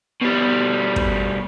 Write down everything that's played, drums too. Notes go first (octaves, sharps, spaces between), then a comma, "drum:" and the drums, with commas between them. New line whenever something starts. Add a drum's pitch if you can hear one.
B2 G3
drum: kick